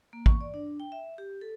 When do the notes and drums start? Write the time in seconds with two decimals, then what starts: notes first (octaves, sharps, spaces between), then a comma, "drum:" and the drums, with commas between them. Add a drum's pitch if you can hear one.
0.13 A#3
0.26 C#6, drum: kick
0.41 D5
0.54 D4
0.80 G5
0.92 E5
1.18 G4
1.41 A4